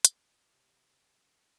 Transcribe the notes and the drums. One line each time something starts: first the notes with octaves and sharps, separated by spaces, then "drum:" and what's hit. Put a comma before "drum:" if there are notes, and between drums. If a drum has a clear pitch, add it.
D#6, drum: hi-hat
C3